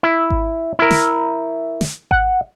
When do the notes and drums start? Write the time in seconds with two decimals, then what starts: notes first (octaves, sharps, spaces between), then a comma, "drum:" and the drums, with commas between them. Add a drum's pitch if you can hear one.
0.03 E4
0.30 drum: kick G#1
0.79 E4 A#4
0.91 drum: snare
1.81 drum: snare
2.11 F#5, drum: kick G#1